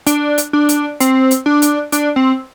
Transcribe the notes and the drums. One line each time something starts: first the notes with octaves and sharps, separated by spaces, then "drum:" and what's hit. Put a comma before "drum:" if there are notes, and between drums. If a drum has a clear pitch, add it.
D4, drum: hi-hat
drum: hi-hat
D4
drum: hi-hat
C4, drum: hi-hat
drum: hi-hat
D4
drum: hi-hat
D4, drum: hi-hat
C4